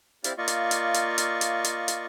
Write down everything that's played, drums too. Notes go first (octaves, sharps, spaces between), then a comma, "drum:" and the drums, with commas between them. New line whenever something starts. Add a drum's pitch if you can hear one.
C4 E4 G4 D5 F5, drum: hi-hat
A#3 F4 D5 D#5 F5 C#6
drum: hi-hat
drum: hi-hat
drum: hi-hat
drum: hi-hat
drum: hi-hat
drum: hi-hat
drum: hi-hat